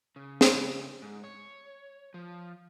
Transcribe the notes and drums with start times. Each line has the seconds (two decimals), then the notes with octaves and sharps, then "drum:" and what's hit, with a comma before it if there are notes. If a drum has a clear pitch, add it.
0.16 C#3
0.41 drum: snare
1.02 G#2
1.24 C#5
2.14 F3